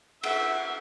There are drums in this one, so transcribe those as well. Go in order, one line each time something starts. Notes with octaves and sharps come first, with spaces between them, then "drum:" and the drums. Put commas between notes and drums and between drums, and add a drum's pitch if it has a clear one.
E5 F#5, drum: cymbal